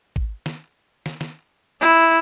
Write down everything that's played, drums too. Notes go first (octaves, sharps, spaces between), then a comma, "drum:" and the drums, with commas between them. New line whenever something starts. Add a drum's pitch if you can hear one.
drum: kick
drum: snare
drum: snare
drum: snare
E4